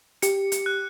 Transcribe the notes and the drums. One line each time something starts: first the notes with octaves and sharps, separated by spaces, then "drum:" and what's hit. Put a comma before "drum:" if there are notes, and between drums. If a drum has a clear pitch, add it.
G4 C#7, drum: hi-hat
drum: hi-hat
F#6